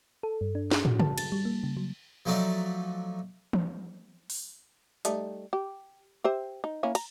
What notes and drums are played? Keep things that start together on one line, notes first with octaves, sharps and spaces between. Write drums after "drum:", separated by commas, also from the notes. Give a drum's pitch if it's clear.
A4
G2
D4
G#4, drum: snare
F#4, drum: tom
A5, drum: tom C#3
A6, drum: cymbal
G3
A#3
C#3
F#3
F3 F#3 A3 D#4 D5 E5
drum: tom
drum: open hi-hat
G3 A3 D#4, drum: hi-hat
G4
G4 C5 E5
D#4
A#3 C#4 E4
A#5, drum: cymbal